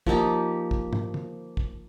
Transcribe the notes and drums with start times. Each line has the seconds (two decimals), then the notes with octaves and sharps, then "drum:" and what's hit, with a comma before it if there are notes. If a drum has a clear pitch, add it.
0.07 F3 A#3 D#4 G4, drum: kick
0.71 drum: kick
0.93 drum: tom
1.14 drum: tom
1.57 drum: kick